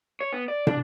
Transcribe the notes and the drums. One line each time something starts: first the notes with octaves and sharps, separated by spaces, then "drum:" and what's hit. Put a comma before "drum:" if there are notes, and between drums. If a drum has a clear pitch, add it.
C#5
B3
D5
D4, drum: tom